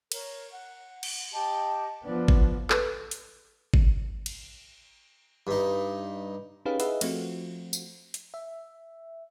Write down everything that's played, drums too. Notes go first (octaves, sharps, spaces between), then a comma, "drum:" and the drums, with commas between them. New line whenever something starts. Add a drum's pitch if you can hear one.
A#4 C#5, drum: cymbal
F#5
drum: cymbal
G4 D#5 A5
F3 B3 D4 D5
drum: kick G#1
A4 B4, drum: clap
drum: hi-hat
drum: kick G#1
drum: cymbal
G2 D#4
C#4 D#4 G4 G#4 B4 F5
E4 G#4 B4 D#5 E5 F#5, drum: hi-hat
F3 A3 C4 F4 F#4, drum: cymbal
drum: tambourine
drum: hi-hat
E5